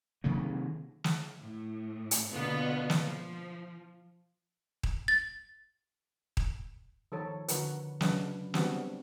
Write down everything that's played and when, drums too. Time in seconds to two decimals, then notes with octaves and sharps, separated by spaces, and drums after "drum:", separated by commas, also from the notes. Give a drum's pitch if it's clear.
0.24 C3 D#3 F#3 A#3
1.04 drum: snare
1.39 A2
2.11 drum: hi-hat
2.32 B2 D3 A#3 B3 F4
2.90 drum: snare
3.04 F3
4.83 drum: kick D#1
5.08 A6
6.37 drum: kick D#1
7.12 D#3 F3 A4 C#5
7.48 D3 F3 F#4 A#4 B4, drum: hi-hat
8.01 C#3 F#3 D4 B4, drum: snare
8.54 G3 B3 C4 D4 F#4, drum: snare